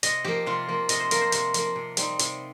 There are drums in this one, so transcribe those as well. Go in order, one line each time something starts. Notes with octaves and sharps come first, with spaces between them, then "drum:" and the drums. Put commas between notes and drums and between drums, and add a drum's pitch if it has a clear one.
C3 D#5, drum: hi-hat
F3 A#3 G4
C3 F4
F3 A#3
C3 D#5, drum: hi-hat
C5
F3 A#3 A#4, drum: hi-hat
C5
C3 C5, drum: hi-hat
F3 A#3, drum: hi-hat
C3
G3 C4 D#4, drum: hi-hat
C3, drum: hi-hat